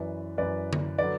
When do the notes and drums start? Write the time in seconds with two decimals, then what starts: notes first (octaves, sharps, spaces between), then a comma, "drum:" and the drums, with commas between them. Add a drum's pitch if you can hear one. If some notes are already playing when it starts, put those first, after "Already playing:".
Already playing: F#2 E3 B4 D5
0.38 F#2 E3 B4 D5
0.73 drum: tom D3
0.98 D3 F#3 B4 D5